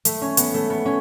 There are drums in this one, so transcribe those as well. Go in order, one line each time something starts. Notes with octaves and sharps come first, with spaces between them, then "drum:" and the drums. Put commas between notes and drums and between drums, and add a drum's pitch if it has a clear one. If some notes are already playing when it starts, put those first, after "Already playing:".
A3, drum: hi-hat
C#4
B3, drum: hi-hat
A3
B3
C#4